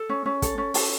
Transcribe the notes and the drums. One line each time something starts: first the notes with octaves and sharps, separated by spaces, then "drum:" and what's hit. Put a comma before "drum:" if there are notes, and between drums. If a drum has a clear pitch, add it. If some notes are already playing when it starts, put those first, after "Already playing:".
Already playing: A4
C#4
C#4
A4, drum: kick, hi-hat
C#4
A4, drum: open hi-hat